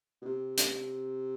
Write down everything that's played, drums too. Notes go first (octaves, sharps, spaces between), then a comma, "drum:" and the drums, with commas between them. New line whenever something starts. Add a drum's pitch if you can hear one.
B2
C3
drum: hi-hat